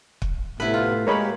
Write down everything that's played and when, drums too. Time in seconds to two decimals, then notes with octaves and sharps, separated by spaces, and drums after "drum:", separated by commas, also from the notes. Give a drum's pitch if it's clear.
0.22 drum: kick
0.60 A2 C3 B3 E4 B4
0.74 F4
1.07 G#3 A#3 G4 A#4 C#5 B5